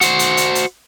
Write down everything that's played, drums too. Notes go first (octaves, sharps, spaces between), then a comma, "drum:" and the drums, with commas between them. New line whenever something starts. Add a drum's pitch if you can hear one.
F#4 C5, drum: hi-hat
drum: hi-hat
drum: hi-hat
drum: hi-hat